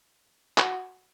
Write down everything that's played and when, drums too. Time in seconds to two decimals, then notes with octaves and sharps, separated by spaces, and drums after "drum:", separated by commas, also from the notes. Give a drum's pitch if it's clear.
0.58 F#4, drum: clap